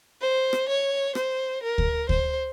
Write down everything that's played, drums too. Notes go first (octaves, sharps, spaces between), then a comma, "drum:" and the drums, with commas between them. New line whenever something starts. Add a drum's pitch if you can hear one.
C5
drum: rim click
C#5
C5, drum: rim click
A#4
drum: kick D2
C5, drum: kick D2